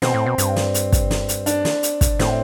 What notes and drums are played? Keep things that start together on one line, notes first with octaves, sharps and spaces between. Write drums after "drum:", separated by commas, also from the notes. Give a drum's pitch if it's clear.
B2 C4, drum: snare
A2
B2
G2, drum: hi-hat
drum: snare
drum: hi-hat
drum: kick, hi-hat
drum: snare
drum: hi-hat
D4, drum: hi-hat
drum: snare
drum: hi-hat
drum: kick, hi-hat
A2 C4, drum: snare